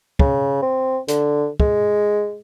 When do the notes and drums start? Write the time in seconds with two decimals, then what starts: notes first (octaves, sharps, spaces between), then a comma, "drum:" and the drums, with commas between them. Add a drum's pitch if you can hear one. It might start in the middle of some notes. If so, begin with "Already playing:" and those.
0.19 C#3, drum: kick
0.62 C4
1.08 D3, drum: hi-hat
1.60 G#3, drum: kick